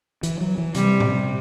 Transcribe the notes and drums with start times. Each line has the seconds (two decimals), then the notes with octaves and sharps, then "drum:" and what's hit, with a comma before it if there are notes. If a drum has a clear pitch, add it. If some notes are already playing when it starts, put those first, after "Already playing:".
0.23 E3, drum: hi-hat
0.41 F#3
0.58 E3
0.75 C3 G3, drum: hi-hat
1.00 drum: tom A2